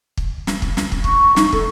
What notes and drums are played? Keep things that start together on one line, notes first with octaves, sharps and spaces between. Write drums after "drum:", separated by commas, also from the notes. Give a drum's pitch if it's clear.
drum: kick
drum: snare
drum: kick
drum: snare
drum: kick
C#6, drum: kick
D#4, drum: snare
A4, drum: kick